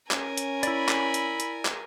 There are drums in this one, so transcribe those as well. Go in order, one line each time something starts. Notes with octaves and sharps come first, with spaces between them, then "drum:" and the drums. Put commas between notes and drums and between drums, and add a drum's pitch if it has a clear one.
C#4 A#4 G#5, drum: clap
drum: hi-hat
E4 D5 B5, drum: hi-hat
drum: clap
drum: hi-hat
drum: hi-hat
drum: clap